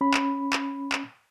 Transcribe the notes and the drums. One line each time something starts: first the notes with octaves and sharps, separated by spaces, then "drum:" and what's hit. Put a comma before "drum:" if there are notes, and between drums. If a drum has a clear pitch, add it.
C#4 B5
drum: clap
drum: clap
drum: clap